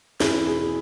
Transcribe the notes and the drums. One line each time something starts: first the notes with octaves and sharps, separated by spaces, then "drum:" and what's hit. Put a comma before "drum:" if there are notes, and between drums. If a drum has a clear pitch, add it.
E2 E4, drum: snare
B2 G#4